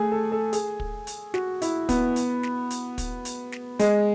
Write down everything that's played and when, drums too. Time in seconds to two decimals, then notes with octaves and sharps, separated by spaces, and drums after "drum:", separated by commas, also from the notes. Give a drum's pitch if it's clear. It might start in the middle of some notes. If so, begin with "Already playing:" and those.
Already playing: A3 G#4
0.12 A4
0.32 A4
0.53 G#4, drum: hi-hat
0.80 drum: kick
1.07 drum: hi-hat
1.34 F#4, drum: snare
1.62 E4, drum: hi-hat
1.89 B3, drum: kick, hi-hat
2.16 drum: hi-hat
2.43 drum: snare
2.70 drum: hi-hat
2.98 drum: kick, hi-hat
3.25 drum: hi-hat
3.52 drum: snare
3.79 G#3, drum: hi-hat